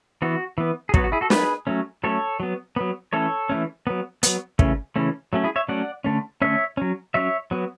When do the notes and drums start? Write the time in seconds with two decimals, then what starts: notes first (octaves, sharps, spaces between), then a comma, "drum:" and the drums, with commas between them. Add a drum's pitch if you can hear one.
0.22 E3 B3 F#4
0.58 E3 B3
0.89 G#4
0.94 F#3 B3 F#4, drum: kick
1.04 F#4
1.12 E4 G#4
1.21 F#4 A4
1.30 F#3 B3 G#4 B4, drum: snare
1.67 F#3 A3 C#4
2.04 F#3 A3 C#4 A4 C#5
2.40 F#3 B3
2.76 F#3 B3
3.13 E3 A3 C#4 A4 C#5
3.49 E3 A3 C#4
3.87 F#3 B3
4.23 F#3 B3, drum: hi-hat
4.59 C#3 E3 A3 C#4, drum: kick
4.96 C#3 E3 A3 C#4
5.33 F#3 A3 C#4
5.44 E4 G#4
5.56 C#5 E5
5.68 F#3 A3 C#4 D5 F#5
6.04 D3 A3 C#4
6.42 D3 A3 C#4 C#5 E5
6.77 F#3 C#4
7.14 F#3 C#4 C#5 E5
7.51 F#3 B3